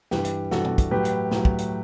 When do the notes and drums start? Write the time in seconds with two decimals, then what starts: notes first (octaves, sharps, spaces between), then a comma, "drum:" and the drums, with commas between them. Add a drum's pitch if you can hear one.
0.11 G2 E3 G3 G4 B4, drum: snare
0.25 drum: hi-hat
0.51 G2 E3 G3 F#4 A4, drum: snare
0.65 drum: tom
0.78 drum: kick, hi-hat
0.91 A2 F#3 G4 B4
1.05 drum: hi-hat
1.31 A2 F#3, drum: snare
1.45 drum: kick
1.58 drum: hi-hat